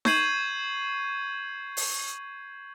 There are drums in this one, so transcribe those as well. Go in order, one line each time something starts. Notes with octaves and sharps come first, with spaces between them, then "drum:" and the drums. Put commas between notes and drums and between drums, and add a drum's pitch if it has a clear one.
C#6 G6 G#6 C7 D#7 F#7, drum: snare D#4
drum: open hi-hat